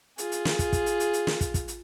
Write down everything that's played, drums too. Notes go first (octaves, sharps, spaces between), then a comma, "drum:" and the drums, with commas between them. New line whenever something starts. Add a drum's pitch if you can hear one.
F4 G#4, drum: hi-hat
drum: hi-hat
drum: snare
drum: kick, hi-hat
drum: kick, hi-hat
drum: hi-hat
drum: hi-hat
drum: hi-hat
drum: snare
drum: kick, hi-hat
drum: kick, hi-hat
drum: hi-hat